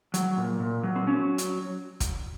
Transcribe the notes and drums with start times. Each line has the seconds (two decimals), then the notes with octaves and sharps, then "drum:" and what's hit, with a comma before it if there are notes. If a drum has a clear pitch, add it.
0.14 F#3, drum: hi-hat
0.37 A#2
0.60 A#2
0.83 F#3
0.96 C4
1.07 F#3 C#4
1.38 drum: hi-hat
2.00 drum: kick, hi-hat